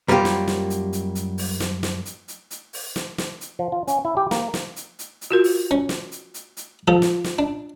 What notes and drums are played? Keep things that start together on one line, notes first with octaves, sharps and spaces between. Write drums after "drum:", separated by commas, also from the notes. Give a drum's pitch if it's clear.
F#2 G3 A#3 C#4 F4 G4
drum: snare
drum: snare
drum: hi-hat
drum: hi-hat
drum: hi-hat
drum: open hi-hat
drum: snare
drum: snare
drum: hi-hat
drum: hi-hat
drum: hi-hat
drum: open hi-hat
drum: snare
drum: snare
drum: hi-hat
F3
F4
C#4, drum: hi-hat
E4
G4
A#3, drum: snare
drum: snare
drum: hi-hat
drum: hi-hat
drum: hi-hat
F4 F#4 A#4
drum: open hi-hat
C#4
drum: snare
drum: hi-hat
drum: hi-hat
drum: hi-hat
F3 F4 A4
drum: snare
drum: snare
D4